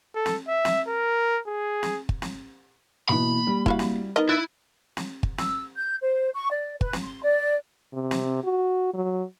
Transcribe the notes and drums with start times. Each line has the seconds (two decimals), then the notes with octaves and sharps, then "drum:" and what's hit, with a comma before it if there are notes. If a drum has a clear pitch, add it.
0.15 A4
0.26 drum: snare
0.48 E5
0.65 drum: snare
0.87 A#4
1.47 G#4
1.83 drum: snare
2.09 drum: kick
2.22 drum: snare
3.09 B2 E3 A#3 B5
3.47 G3
3.66 E4 F#4 F5, drum: kick
3.79 drum: snare
4.16 B3 D#4 A#4 D#5
4.29 E4 F#6 A6 D#7
4.97 drum: snare
5.23 drum: kick
5.38 E6, drum: snare
5.76 G6
6.01 C5
6.34 C#6
6.51 D5
6.81 B4, drum: kick
6.93 drum: snare
7.03 C6
7.23 D5
7.93 C3
8.11 drum: snare
8.44 F#4
8.94 F#3